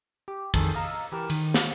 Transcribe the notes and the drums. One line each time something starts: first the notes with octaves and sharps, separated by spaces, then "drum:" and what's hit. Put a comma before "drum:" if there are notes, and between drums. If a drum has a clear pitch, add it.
G4
F2 D#3 G#4 A4 G6 C7, drum: kick, cymbal
D#5 F5 A#5 E6
E3 G4 A#4 E7
D#3, drum: cymbal
drum: snare